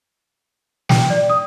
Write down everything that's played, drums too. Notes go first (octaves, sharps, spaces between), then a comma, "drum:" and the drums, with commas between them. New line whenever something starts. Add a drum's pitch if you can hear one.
G5, drum: snare
D5
D#6